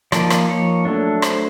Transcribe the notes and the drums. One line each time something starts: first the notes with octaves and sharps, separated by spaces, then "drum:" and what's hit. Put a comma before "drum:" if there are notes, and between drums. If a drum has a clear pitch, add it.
F3 A#3 D#4 D5, drum: rim click
drum: rim click
C#5
F#3 A3 D4
C5, drum: rim click